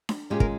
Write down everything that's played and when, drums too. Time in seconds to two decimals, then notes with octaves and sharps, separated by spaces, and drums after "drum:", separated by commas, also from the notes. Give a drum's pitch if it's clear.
0.09 drum: snare D4
0.30 A#2 G#3 C#4 G4
0.40 A#4, drum: kick